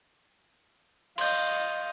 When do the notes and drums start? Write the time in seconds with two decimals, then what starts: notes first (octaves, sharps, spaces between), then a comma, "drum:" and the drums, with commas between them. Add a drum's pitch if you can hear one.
1.18 D#5 F5 C6 G6, drum: cymbal